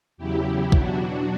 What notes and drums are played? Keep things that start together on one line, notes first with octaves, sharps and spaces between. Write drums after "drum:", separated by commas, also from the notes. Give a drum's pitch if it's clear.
E2 C#3 F#3 E4 G4
B2 F#3 D4 F#4, drum: kick